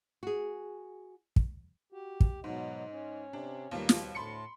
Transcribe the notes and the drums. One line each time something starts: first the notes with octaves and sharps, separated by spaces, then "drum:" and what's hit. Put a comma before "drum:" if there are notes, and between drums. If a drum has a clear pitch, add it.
F#4 G#4
drum: kick
F#4 G4
drum: kick
G#2 B2 F#3 D#5
C#4
C3 D4
D#2 B2 F3 G3 A#3 F5
drum: snare
D2 A2 A5 B5 C6 C#7